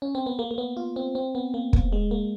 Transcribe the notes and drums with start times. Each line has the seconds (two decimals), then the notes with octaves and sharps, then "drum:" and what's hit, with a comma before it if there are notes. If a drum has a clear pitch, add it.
0.02 C#4
0.15 C4
0.26 B3
0.39 A#3
0.51 A#3
0.58 B3
0.77 F4
0.96 C4
1.15 C4
1.35 B3
1.54 A#3
1.73 A#3, drum: kick
1.92 G#3
2.11 A#3